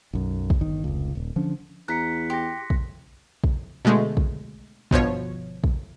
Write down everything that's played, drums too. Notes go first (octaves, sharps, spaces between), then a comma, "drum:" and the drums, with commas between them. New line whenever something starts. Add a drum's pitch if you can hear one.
B1 F#2
drum: kick
G1 D#3
F1 C#2
D#1
D3 F3 C#4 D4
E2 A#5 F#6 B6 C#7
G4 C6 A#6
drum: kick
drum: kick
B2 D3 G#3 A3
drum: kick
G1 B2 F3 C#5, drum: kick
drum: kick